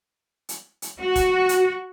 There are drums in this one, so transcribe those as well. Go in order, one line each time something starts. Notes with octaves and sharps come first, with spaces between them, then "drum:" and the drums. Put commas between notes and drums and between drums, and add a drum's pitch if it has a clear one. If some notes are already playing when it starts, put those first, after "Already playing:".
drum: hi-hat
drum: hi-hat
F#4
drum: kick E1, hi-hat
drum: hi-hat